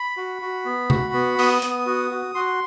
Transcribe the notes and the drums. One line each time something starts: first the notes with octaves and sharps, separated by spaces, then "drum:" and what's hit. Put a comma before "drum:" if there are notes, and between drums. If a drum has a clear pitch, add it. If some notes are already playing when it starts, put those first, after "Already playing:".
Already playing: B5
F#4
F#4
B3
F#4, drum: tom C3
B3
B3 D#6, drum: open hi-hat
B3, drum: hi-hat
F#4
F#4
F#4 C6